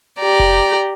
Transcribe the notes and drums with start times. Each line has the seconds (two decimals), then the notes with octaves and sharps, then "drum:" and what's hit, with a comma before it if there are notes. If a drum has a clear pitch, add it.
0.20 G4 D5 A#5
0.39 drum: kick F1